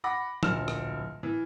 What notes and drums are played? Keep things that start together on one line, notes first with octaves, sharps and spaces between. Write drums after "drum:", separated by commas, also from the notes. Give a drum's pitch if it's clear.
F#5 B5 D6 A#6
D1 A#1 F6 E7, drum: tom
drum: rim click
E3